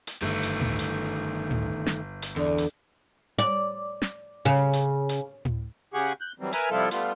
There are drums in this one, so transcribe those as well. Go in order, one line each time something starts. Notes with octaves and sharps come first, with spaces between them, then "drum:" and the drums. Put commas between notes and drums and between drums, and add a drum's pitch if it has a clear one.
drum: hi-hat
G1 D#3 A3
drum: hi-hat
drum: tom A2
drum: hi-hat
drum: tom A2
drum: snare
drum: hi-hat
E2 D3
drum: hi-hat
D5
drum: snare
C#3
drum: hi-hat
drum: hi-hat
drum: tom A2
C#3 G4 G#4 F#5 C#6
F#6 G6
E3 F#3 G3 C4
A#4 B4 E5 G#5 A#5, drum: hi-hat
C3 F3 G3 E4 F4 A4
G3 A3 B3 F4, drum: hi-hat